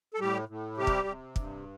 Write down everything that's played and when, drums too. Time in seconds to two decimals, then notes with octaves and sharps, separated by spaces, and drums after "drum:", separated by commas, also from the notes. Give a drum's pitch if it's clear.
0.14 A4
0.20 A2 G3 G4
0.49 A2
0.77 C3 G3 G4
0.87 drum: kick
1.07 C3
1.36 G2, drum: kick